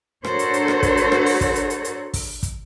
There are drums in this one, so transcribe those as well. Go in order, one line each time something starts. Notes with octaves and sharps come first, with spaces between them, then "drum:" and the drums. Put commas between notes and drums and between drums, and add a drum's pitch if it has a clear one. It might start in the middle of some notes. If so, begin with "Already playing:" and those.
D4 F#4 A4 A#4 C5 C#5, drum: rim click
drum: hi-hat
drum: hi-hat
drum: rim click
drum: kick, hi-hat
drum: hi-hat
drum: rim click
drum: open hi-hat
drum: kick, hi-hat
drum: hi-hat
drum: hi-hat
drum: hi-hat
drum: kick, open hi-hat
drum: kick, hi-hat